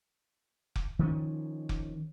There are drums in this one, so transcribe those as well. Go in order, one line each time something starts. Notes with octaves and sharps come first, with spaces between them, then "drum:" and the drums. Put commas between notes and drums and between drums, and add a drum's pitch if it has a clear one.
drum: kick F1
D#3 F3 G#3 C#4
drum: kick F1